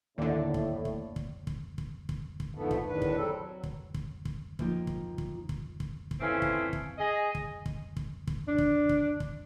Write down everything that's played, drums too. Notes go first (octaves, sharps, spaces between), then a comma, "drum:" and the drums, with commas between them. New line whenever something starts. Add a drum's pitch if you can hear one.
D#2 A2 D3 A#3 D5
drum: kick
drum: kick
drum: kick
drum: kick
drum: kick
drum: kick
drum: kick
F2 G#2 D3 F3 A3 B3
drum: kick
E2 A2 D#3 D4 B4
drum: kick
F#3 G3 C4 A4
F#3
drum: kick
drum: kick
drum: kick
F3 A#3 D#4 F4 G4, drum: kick
drum: kick
drum: kick
drum: kick
drum: kick
drum: kick
E3 F3 A3 C4 C#4
drum: kick
drum: kick
G#4 D#5
drum: kick
drum: kick
drum: kick
drum: kick
D4
drum: kick
drum: kick
drum: kick